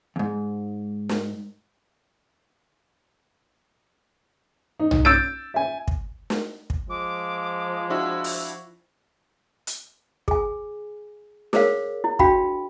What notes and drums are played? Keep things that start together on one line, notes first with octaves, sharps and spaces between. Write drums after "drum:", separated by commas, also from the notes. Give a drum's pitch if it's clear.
E2 G#2
drum: snare
D#4
drum: tom B1
E6 G6 A6 D7
E5 G#5
drum: kick
drum: snare
drum: kick
F3 G#3 D6
D4 E4 F#4 E6
drum: open hi-hat
drum: hi-hat
G#4 G#5, drum: kick
G#4 A#4 C5 C#5 F5, drum: snare
E4
D4 F#4 F5 G5 B5, drum: kick